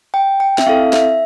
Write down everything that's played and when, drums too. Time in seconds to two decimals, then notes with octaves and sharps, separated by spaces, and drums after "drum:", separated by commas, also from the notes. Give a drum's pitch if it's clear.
0.14 G5
0.40 G5
0.58 E5, drum: snare
0.67 C4 E4 A4 F5
0.93 E5, drum: snare